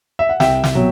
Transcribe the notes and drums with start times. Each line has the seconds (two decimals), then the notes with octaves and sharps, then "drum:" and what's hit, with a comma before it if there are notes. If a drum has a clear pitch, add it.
0.19 E5
0.29 F#5
0.40 C2 E5 G5, drum: snare
0.64 drum: snare
0.75 B2 F#3